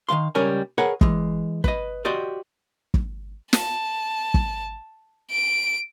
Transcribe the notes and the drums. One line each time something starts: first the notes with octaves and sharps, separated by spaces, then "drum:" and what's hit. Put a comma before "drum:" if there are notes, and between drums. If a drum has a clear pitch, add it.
D#3 G#3 F5 C6
C#2 G3 C#4 A#4 C#5 G#5
G#4 A#4 B4 C#5 F#5
E3 G#3, drum: kick
B4 D#5, drum: kick
F#4 G4 C5 D5 D#5
drum: kick
A5, drum: snare
drum: kick
D7